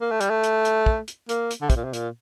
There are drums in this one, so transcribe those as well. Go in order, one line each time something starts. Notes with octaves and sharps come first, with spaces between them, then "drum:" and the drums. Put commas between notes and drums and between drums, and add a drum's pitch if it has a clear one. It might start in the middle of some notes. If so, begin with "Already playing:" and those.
A#3
A3
G3, drum: hi-hat
A3
drum: hi-hat
drum: hi-hat
drum: kick
drum: hi-hat
A#3, drum: hi-hat
drum: hi-hat
D3
C3, drum: kick, hi-hat
A#2
C3
A#2, drum: hi-hat